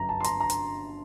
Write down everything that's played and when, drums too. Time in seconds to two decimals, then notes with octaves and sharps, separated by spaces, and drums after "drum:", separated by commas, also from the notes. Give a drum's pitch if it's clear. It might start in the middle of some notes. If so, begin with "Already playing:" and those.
Already playing: G1 F#2 F#3 A#5
0.09 A5
0.20 C6
0.24 A#5, drum: hi-hat
0.40 A#5
0.50 drum: hi-hat